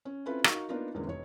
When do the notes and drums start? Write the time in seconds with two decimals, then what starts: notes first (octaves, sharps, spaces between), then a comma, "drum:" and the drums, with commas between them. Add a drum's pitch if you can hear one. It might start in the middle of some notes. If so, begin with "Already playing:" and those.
0.05 C#4
0.26 C4 C#4 E4 F4 A4 B4
0.44 D#4 F#4 A#4 F5 C#6, drum: rim click
0.68 A#3 B3 D4 D#4 F4 A#4
0.94 E2 D3 G#3 A#3 C#4
1.07 F1 C#5